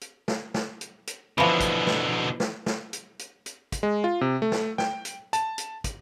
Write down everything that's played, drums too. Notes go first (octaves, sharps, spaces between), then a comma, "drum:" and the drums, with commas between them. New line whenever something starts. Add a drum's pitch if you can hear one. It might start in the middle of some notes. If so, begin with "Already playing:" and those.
drum: hi-hat
drum: snare
drum: snare
drum: hi-hat
drum: hi-hat
B2 D3 E3 F3
drum: kick, hi-hat
drum: snare
drum: snare
drum: snare
drum: hi-hat
drum: hi-hat
drum: hi-hat
drum: kick, hi-hat
G#3
F4
C3
A3
drum: snare
G5, drum: snare
drum: hi-hat
A5, drum: hi-hat
drum: hi-hat
drum: kick, hi-hat